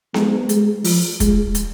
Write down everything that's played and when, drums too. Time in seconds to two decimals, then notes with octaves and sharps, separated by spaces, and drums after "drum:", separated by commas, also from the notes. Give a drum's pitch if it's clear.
0.14 G#3, drum: snare B3
0.49 G#3, drum: hi-hat
0.84 F3, drum: open hi-hat
1.20 G#3, drum: kick, hi-hat
1.55 drum: hi-hat